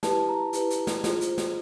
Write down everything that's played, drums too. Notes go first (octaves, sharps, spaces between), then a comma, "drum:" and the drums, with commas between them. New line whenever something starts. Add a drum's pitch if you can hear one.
E4 G4 B4 A5, drum: snare
A#5
E4 G4 B4, drum: hi-hat
drum: hi-hat
drum: snare
F4 G#4 C5, drum: snare
drum: hi-hat
drum: snare